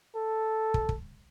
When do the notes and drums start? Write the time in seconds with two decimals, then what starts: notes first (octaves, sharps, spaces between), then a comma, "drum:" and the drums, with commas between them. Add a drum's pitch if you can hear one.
0.16 A4
0.74 drum: kick
0.89 drum: kick